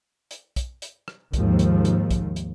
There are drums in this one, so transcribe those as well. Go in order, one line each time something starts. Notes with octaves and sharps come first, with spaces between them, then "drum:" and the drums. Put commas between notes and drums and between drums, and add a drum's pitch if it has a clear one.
drum: hi-hat
drum: kick, hi-hat
drum: hi-hat
drum: rim click
D#2 G#2 F3, drum: kick, hi-hat
drum: hi-hat
drum: hi-hat
drum: kick, hi-hat
drum: hi-hat